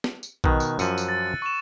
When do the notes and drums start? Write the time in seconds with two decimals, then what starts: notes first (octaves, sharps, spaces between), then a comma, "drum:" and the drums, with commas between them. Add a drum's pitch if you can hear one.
0.04 drum: snare
0.23 drum: tambourine
0.44 B2 D#3 F#6, drum: kick A#1
0.60 drum: tambourine
0.79 F#2 F3 E6 C#7 D#7, drum: tambourine
0.98 drum: tambourine
1.08 A6
1.42 C#6 E7